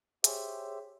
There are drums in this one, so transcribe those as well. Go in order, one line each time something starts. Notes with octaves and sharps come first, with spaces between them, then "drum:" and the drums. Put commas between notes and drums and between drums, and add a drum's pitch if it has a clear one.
G4 G#4 C5 C#5 E5, drum: hi-hat